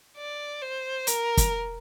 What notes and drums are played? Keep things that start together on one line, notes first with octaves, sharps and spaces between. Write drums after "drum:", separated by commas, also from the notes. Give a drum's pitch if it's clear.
D5
C5
A#4, drum: hi-hat
drum: kick, hi-hat